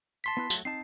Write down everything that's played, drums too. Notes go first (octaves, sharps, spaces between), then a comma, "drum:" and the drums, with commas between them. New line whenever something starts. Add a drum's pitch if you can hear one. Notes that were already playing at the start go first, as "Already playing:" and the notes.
A5 C6 B6
B3 E4 B4
F#3 A3, drum: tambourine
C4 D#4 A5 C7